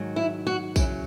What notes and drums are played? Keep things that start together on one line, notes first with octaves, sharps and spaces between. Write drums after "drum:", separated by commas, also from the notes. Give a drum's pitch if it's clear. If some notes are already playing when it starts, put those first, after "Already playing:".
Already playing: G#2 D#3 F#3
E4
F#4
E2 C#3 F#3 E4, drum: kick A#1, tambourine